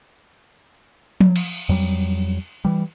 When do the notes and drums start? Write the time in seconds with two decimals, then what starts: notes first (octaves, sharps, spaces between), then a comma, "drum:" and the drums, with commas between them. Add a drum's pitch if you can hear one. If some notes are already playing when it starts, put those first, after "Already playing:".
1.20 drum: tom F3
1.36 drum: cymbal
1.69 F2 F#3 G3
2.65 E3 G3